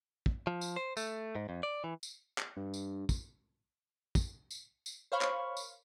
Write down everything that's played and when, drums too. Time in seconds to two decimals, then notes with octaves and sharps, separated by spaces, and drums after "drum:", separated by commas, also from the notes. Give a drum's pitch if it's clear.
0.26 drum: kick
0.47 F3
0.61 drum: tambourine
0.76 C5
0.97 A3, drum: tambourine
1.35 G#2
1.49 F2
1.63 D5
1.84 E3
2.03 drum: tambourine
2.38 drum: clap
2.57 G2
2.74 drum: tambourine
3.09 drum: kick, tambourine
4.15 drum: kick, tambourine
4.51 drum: tambourine
4.86 drum: tambourine
5.12 A#4 C5 C#5 F5 B5 C#6
5.21 drum: clap
5.57 drum: tambourine